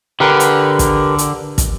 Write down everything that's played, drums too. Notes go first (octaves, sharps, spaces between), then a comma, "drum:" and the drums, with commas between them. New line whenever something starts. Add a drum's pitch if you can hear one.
D3 G4 A#4 B4
drum: hi-hat
drum: kick, hi-hat
drum: hi-hat
drum: kick, hi-hat